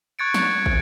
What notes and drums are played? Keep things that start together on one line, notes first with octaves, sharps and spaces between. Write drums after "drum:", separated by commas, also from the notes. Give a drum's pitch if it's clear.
C#6 F#6 G#6 A6 C#7 D7
drum: snare
drum: kick